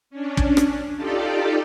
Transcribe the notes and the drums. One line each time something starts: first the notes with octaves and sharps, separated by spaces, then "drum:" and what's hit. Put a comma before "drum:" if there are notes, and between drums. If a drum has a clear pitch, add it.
C#4 D4
drum: kick
drum: rim click
D#4 F4 G4 A4 D5